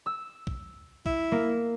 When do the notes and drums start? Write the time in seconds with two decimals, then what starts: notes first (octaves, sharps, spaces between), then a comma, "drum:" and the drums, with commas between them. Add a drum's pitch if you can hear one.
0.06 E6
0.47 drum: kick
1.06 E4, drum: kick
1.32 A#3